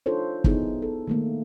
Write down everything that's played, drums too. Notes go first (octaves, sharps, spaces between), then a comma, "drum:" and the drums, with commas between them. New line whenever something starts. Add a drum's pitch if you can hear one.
D4 D#4 F4 A4 C5 C#5
B3 D#4 E4 G#4, drum: kick
A4
D#3 A3 A#3